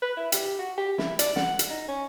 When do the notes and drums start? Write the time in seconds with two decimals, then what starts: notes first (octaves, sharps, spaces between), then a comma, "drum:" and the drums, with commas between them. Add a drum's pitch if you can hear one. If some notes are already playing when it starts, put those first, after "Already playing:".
0.03 B4
0.17 E4
0.32 G4, drum: hi-hat
0.59 F#4
0.78 G4
0.98 E4, drum: snare
1.19 D5, drum: hi-hat
1.36 F#5, drum: snare
1.59 drum: hi-hat
1.70 D#4
1.88 C#4